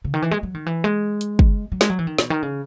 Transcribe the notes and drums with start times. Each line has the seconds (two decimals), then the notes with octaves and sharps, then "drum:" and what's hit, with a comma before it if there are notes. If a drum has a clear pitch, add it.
0.04 C#3
0.14 D#3
0.22 E3
0.31 G#3
0.43 F#3
0.54 D#3
0.66 E3
0.84 G#3
1.21 drum: hi-hat
1.39 drum: kick
1.72 F#3
1.81 G#3, drum: snare
1.90 F#3
1.99 E3
2.07 D#3
2.18 B2, drum: snare
2.30 D#3
2.43 C#3